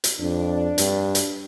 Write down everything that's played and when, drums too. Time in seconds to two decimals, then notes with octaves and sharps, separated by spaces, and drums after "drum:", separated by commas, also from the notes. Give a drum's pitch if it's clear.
0.04 drum: hi-hat
0.20 F2 D4
0.78 G2, drum: hi-hat
1.15 drum: hi-hat